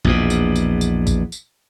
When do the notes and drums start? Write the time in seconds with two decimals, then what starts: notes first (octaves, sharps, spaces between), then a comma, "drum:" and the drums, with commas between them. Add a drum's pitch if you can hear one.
0.05 A#1 E2 B2, drum: kick A1
0.30 drum: tambourine
0.56 drum: tambourine
0.81 drum: tambourine
1.07 drum: kick A1, tambourine
1.32 drum: tambourine